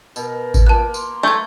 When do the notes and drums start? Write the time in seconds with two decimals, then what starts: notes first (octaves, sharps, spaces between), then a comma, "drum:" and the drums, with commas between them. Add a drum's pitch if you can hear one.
0.16 B2 A#4, drum: tambourine
0.54 drum: kick G#1, tambourine
0.67 A#3 F4 A5 F#6
0.94 C6, drum: tambourine
1.23 A3 G6 G#6